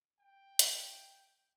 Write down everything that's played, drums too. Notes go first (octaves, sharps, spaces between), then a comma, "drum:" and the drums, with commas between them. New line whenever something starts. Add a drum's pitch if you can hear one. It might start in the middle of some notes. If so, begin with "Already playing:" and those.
G5
drum: hi-hat